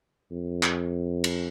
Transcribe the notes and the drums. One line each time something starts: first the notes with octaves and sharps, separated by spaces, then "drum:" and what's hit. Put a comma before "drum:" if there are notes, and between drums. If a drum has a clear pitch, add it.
F2
drum: clap
drum: cymbal